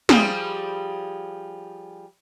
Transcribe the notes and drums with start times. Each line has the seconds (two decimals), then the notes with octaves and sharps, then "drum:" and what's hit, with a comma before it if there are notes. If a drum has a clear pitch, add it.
0.09 F3 G3 G#4, drum: snare